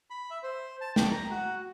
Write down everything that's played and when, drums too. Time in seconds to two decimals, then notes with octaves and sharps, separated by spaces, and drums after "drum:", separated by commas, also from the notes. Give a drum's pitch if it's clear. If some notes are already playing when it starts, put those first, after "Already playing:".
0.10 B5
0.30 E5
0.43 C5
0.81 A5
0.96 G5, drum: snare
1.11 A#5
1.30 F#4